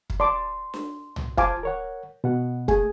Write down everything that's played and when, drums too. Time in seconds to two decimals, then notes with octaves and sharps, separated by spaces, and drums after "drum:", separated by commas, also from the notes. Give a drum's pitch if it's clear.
0.10 drum: kick
0.20 D5 A5 C6 D6
0.74 drum: snare D4
1.16 drum: tom
1.38 F4 C5 F5 G#5 A5 D6, drum: kick
1.63 A#4 C#5 F#5
2.24 B2 F#5
2.68 A3 G#4 G#5, drum: kick